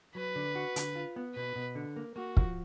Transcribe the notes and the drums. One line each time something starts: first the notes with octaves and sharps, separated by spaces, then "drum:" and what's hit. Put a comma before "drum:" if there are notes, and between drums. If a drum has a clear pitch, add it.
F#3 B4
D3
F#4
D3, drum: hi-hat
F4
B3
B2 B4
B2
D3
A#3
A#3 F#4
F3, drum: kick